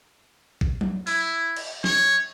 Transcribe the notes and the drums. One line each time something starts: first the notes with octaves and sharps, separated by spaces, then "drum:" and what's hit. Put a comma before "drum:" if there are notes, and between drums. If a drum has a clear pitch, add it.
drum: kick
drum: tom F#3
E4, drum: open hi-hat
drum: cymbal
C#5, drum: snare